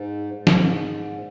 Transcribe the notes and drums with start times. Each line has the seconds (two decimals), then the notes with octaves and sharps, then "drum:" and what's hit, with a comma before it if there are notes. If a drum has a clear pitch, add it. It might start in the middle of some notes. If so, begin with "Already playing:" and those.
Already playing: G#2
0.24 G2
0.34 G#2
0.47 drum: snare
1.14 A#2